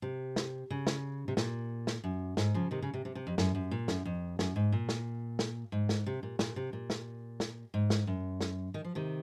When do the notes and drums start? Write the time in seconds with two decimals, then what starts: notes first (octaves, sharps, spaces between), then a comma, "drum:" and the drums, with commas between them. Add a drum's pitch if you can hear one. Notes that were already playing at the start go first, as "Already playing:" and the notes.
0.02 C3
0.36 drum: snare
0.70 C#3
0.87 drum: snare
1.28 C3
1.37 A#2, drum: snare
1.87 drum: snare
2.04 F#2
2.37 G#2, drum: snare
2.54 C#3 F3
2.71 C3 D#3
2.82 C#3
2.94 C3
3.05 C3
3.15 C3
3.27 F2
3.38 F#2, drum: snare
3.55 F#2
3.71 A#2
3.88 F#2, drum: snare
4.05 F2
4.39 F#2, drum: snare
4.56 G#2
4.72 A#2
4.89 drum: snare
5.39 drum: snare
5.72 G#2
5.89 drum: snare
6.06 C3
6.23 A#2
6.39 A#2, drum: snare
6.56 C3
6.73 A#2
6.90 drum: snare
7.40 drum: snare
7.74 G#2
7.90 drum: snare
8.07 F#2
8.41 drum: snare
8.74 D#3
8.85 F3
8.95 C3 D#3